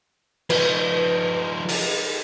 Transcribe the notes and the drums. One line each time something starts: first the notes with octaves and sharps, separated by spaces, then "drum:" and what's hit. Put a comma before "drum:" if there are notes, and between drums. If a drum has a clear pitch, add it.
F3 D#4 B4, drum: cymbal
drum: open hi-hat